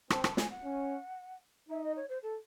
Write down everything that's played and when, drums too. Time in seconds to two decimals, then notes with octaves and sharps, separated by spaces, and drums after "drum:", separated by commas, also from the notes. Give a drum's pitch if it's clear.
0.10 C4 A5, drum: rim click
0.24 A5, drum: rim click
0.37 G#5, drum: snare
0.50 F#5
0.64 C#4
1.69 D#4 E5
1.82 D#5
1.96 C#5
2.09 C5
2.22 A4